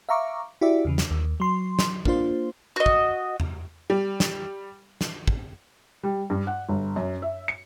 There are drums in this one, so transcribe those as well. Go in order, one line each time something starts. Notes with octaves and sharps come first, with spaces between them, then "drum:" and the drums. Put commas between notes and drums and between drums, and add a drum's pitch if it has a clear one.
E5 F5 A#5 C#6 D6
E4 F#4 G4 D5 E5
E2 C#3 E3
drum: snare
D#2
F#3 C6
drum: snare
A#3 D4 F4 C5, drum: kick
F#4 D#5
drum: kick
drum: tom E2
G3
drum: snare
drum: snare
drum: kick
G3
G2
F#5
G1
F#2
E5
C#7